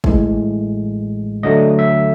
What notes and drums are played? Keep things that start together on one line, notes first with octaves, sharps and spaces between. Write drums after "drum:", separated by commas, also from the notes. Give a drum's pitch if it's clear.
A1 A2 E3 G#3, drum: kick G#1
D2 D3 F#3 A3 D#5
E5